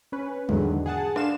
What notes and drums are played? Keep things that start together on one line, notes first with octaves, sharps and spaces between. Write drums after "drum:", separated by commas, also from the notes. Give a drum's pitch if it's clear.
C#4 B4
E2 G#2 D3 D#3 F#3, drum: tom G3
G#4 F#5 A5
D4 F5 E7, drum: rim click